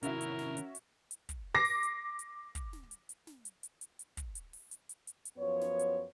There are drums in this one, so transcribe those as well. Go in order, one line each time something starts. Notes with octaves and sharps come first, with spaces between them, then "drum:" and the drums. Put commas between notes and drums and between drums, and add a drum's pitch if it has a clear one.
C3 D#3 C#4 E4 F#4 A#4 E5, drum: hi-hat
drum: hi-hat
drum: snare
drum: hi-hat
drum: hi-hat
drum: hi-hat
drum: kick, hi-hat
D6 A#6 C7
drum: open hi-hat
drum: hi-hat
drum: hi-hat
drum: kick, hi-hat
drum: snare
drum: hi-hat
drum: hi-hat
drum: snare
drum: hi-hat
drum: hi-hat
drum: hi-hat
drum: hi-hat
drum: kick, hi-hat
drum: hi-hat
drum: open hi-hat
drum: hi-hat
drum: hi-hat
drum: hi-hat
drum: hi-hat
F#2 F3 B3 C#5
drum: snare
drum: hi-hat